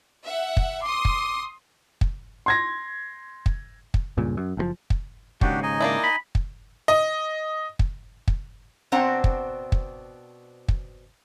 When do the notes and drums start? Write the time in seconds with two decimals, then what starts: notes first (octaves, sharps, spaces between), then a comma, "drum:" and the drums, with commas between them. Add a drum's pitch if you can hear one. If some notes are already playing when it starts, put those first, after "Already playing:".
0.23 E5 F#5
0.57 drum: kick
0.82 C6 D6 D#6
1.05 drum: kick
2.01 drum: kick
2.46 C6 G#6 A#6
3.46 drum: kick
3.94 drum: kick
4.17 C#2 G2 A#2 C#3
4.37 F#2
4.57 F#1 A#2 F3
4.90 drum: kick
5.41 D#2 G#2 C#3 D4 F#4 G4, drum: kick
5.63 D#4 D#5 G#5
5.80 A#3 D4 E4
6.04 B5
6.35 drum: kick
6.88 D#5
7.79 drum: kick
8.28 drum: kick
8.92 B2 C4 D4 C5 F#5 A#5
9.24 drum: kick
9.72 drum: kick
10.68 drum: kick